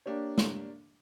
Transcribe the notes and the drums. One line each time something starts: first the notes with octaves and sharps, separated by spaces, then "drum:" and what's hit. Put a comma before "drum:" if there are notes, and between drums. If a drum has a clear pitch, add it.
A#3 D4 G4 C#5
drum: snare